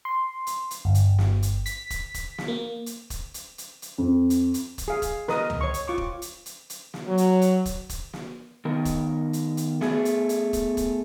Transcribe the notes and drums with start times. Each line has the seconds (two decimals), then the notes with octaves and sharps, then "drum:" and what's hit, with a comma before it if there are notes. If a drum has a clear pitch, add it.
0.05 C6
0.47 drum: hi-hat
0.71 drum: hi-hat
0.85 G1
0.95 drum: hi-hat
1.19 drum: snare
1.42 drum: hi-hat
1.66 B6, drum: hi-hat
1.90 drum: kick, hi-hat
2.14 drum: kick, hi-hat
2.38 drum: snare
2.48 A#3
2.86 drum: hi-hat
3.10 drum: kick, hi-hat
3.34 drum: hi-hat
3.58 drum: hi-hat
3.82 drum: hi-hat
3.98 F2
4.30 drum: hi-hat
4.54 drum: hi-hat
4.78 drum: kick, hi-hat
4.88 G#4 F5
5.02 drum: kick, hi-hat
5.28 A#4 B4 D#5 D#6, drum: snare
5.50 drum: tom C#2
5.61 C#5 C#6
5.74 drum: hi-hat
5.87 F4 C#6 D6
5.98 drum: kick
6.22 drum: hi-hat
6.46 drum: hi-hat
6.70 drum: hi-hat
6.94 drum: snare
7.08 F#3
7.18 drum: hi-hat
7.42 drum: hi-hat
7.65 drum: kick, hi-hat
7.89 drum: kick, hi-hat
8.13 drum: snare
8.65 D#3 B3 A#4
8.85 drum: kick, hi-hat
9.33 drum: hi-hat
9.57 drum: hi-hat
9.81 A3 B3 G#4, drum: snare
10.05 drum: hi-hat
10.29 drum: hi-hat
10.53 drum: kick, hi-hat
10.77 drum: kick, hi-hat